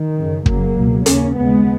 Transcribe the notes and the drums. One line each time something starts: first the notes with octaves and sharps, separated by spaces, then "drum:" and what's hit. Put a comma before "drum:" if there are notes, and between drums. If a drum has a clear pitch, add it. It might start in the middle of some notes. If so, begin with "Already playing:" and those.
Already playing: D#3
F#2 C#3
F#2 C#3 F#3 A#3, drum: kick
C#2 B2
D#2 C#3 A#3 C#4, drum: hi-hat
D#2 C#3 G#3 B3